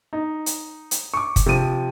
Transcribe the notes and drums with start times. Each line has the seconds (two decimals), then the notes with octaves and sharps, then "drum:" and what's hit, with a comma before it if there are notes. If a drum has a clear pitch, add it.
0.13 D#4
0.46 drum: hi-hat
0.91 drum: hi-hat
1.14 C#6 D6
1.36 drum: kick, hi-hat
1.46 C3 F3 D#7